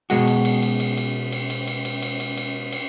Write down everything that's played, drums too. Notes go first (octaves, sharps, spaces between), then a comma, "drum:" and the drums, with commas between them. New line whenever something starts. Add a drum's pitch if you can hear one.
B2 G#3 F#4, drum: cymbal
drum: cymbal
drum: cymbal
drum: cymbal
drum: cymbal
drum: cymbal
drum: cymbal
drum: cymbal
drum: cymbal
drum: cymbal
drum: cymbal
drum: cymbal
drum: cymbal
drum: cymbal